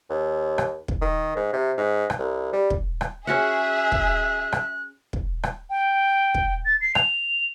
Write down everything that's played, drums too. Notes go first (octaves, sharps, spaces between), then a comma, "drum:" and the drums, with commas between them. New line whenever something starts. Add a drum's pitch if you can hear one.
D#2
drum: rim click
drum: kick
D#3
G#2
C3
G#2
drum: rim click
C2
G3
drum: kick
drum: rim click
C#4 F#4 G#4 E5 F#5 F#6
drum: kick
drum: rim click
drum: kick
drum: rim click
G5
drum: kick
A6
C7
F7, drum: rim click